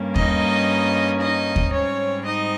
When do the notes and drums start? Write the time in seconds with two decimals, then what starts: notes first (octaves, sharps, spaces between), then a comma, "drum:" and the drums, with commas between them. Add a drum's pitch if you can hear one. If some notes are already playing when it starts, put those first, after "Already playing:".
Already playing: G2 G3 A#3 C#4
0.16 D#4 D#5, drum: kick D#2
1.21 D#4 D#5
1.56 drum: kick D#2
1.73 G#2 G3 C4 C#4 C#5
2.26 D#4 D#5